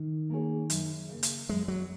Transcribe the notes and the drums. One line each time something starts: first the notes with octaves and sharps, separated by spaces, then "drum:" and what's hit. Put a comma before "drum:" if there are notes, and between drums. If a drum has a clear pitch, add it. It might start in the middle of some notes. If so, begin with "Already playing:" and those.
Already playing: D#3
A#3 C#4 G#4 C#5
F#2, drum: hi-hat
C#3 A#3
drum: hi-hat
F#2 G#3
F#3